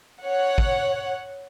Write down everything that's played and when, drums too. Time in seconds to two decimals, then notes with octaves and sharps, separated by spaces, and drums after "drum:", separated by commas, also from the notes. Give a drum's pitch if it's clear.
0.24 C#5 F#5
0.58 drum: kick